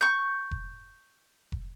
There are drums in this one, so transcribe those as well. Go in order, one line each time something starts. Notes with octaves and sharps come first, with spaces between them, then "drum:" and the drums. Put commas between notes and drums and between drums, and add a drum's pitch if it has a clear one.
C#6 G6
drum: kick F1
drum: kick F1